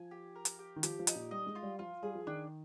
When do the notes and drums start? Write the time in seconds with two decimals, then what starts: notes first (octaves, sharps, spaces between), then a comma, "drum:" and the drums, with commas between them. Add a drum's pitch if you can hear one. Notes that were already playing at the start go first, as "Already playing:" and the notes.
Already playing: F3 G#5
0.11 G4
0.35 A#4
0.45 drum: hi-hat
0.59 G4
0.76 D#3
0.83 F3 G4, drum: hi-hat
0.99 F3
1.07 D#4, drum: hi-hat
1.15 A#2
1.31 G3 D#5
1.47 G#3
1.55 F4
1.63 G3
1.79 F3 F4
2.02 G3 G#4
2.15 F3
2.27 D#3 D4